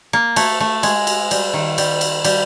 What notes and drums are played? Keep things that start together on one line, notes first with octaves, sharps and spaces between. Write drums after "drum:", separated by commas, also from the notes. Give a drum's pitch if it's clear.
A#3
A3, drum: cymbal
A3
G#3, drum: cymbal
drum: cymbal
G3, drum: cymbal
D#3
G3, drum: cymbal
drum: cymbal
G3, drum: cymbal